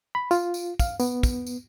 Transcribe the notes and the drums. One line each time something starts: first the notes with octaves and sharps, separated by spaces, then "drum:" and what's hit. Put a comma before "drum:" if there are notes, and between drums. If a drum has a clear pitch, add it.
B5
F4, drum: tambourine
drum: tambourine
F5, drum: kick, tambourine
B3, drum: tambourine
drum: kick, tambourine
drum: tambourine